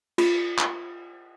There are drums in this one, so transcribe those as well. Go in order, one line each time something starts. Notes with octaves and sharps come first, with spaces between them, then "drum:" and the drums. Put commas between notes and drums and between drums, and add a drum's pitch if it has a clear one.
F4, drum: cymbal
drum: clap